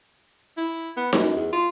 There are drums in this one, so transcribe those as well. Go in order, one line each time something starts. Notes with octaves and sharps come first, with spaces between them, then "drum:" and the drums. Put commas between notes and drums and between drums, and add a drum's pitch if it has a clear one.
E4
B3
F#2, drum: snare D#4
E2
F4